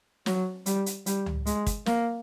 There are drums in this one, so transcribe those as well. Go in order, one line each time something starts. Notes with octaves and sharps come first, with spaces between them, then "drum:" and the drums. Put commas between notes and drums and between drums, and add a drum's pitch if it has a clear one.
F#3, drum: snare
G3, drum: hi-hat
drum: hi-hat
G3, drum: hi-hat
drum: tom C#2
G#3, drum: hi-hat
drum: kick, hi-hat
A#3, drum: snare